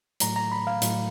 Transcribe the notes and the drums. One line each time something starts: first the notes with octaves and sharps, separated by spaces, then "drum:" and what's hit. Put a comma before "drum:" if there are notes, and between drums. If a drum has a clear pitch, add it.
A2 F#3 A3 A#5, drum: hi-hat
A#5
B5
F5
A2 F#3 A3, drum: hi-hat